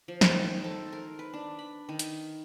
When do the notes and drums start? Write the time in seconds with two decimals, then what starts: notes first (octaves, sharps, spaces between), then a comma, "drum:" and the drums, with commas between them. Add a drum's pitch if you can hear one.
0.08 F3
0.21 drum: snare
0.32 D#3
0.46 C5
0.64 A4
0.93 A#4
1.19 B4
1.34 D4
1.59 B5
1.89 D#3
1.99 drum: hi-hat